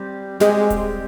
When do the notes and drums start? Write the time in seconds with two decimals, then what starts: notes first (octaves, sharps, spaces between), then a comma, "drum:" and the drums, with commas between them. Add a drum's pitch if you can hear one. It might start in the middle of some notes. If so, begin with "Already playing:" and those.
Already playing: G3 C4 G4
0.40 G3 G#3 C4 G4, drum: snare
0.70 drum: kick D#1, hi-hat